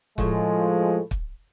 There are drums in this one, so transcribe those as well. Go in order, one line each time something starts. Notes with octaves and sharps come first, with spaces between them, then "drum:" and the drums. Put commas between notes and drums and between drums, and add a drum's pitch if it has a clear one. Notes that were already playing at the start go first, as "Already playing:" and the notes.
A2 F3 G#3 E5, drum: kick
drum: kick